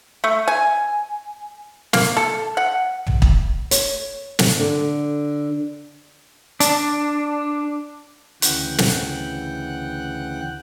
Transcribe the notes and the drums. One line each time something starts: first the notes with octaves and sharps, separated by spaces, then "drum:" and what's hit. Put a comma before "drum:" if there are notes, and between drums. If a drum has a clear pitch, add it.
A3
G#5
A#3, drum: snare
A4
F#5
drum: tom
drum: kick
C#5, drum: hi-hat
drum: snare
D3
D4, drum: hi-hat
D2 C#3 E3 F#5 G5 F#6, drum: hi-hat
drum: snare